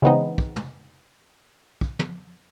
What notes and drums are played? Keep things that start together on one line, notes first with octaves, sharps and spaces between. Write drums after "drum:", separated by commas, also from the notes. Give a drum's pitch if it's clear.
C#3 E3 G#3 B3 C4 D#4
drum: kick
drum: tom
drum: kick
drum: tom